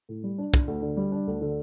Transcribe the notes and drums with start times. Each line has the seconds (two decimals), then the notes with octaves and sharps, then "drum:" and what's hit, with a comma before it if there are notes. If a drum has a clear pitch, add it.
0.09 A2
0.24 G3
0.38 D4
0.54 D4, drum: kick
0.68 D2
0.82 D3
0.97 G3
1.12 D4
1.27 D2
1.41 D3